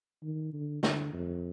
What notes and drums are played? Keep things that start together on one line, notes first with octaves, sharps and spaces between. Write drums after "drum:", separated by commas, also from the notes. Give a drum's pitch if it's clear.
D#3
D3
D3, drum: snare
F2